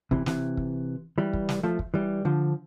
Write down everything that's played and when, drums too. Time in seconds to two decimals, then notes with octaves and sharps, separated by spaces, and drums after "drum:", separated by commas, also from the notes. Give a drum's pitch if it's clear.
0.11 C3 E3, drum: kick
0.26 C3 E3, drum: snare
0.57 drum: kick
1.18 E3 G3
1.33 drum: kick
1.49 drum: snare
1.63 F3 A3
1.79 drum: kick
1.94 E3 G3
2.25 D3 F3